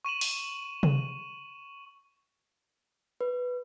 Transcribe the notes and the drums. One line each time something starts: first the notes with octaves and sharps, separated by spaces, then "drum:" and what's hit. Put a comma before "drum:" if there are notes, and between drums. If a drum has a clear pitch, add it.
C#6 D#7 E7 F#7
drum: open hi-hat
drum: tom C3
B4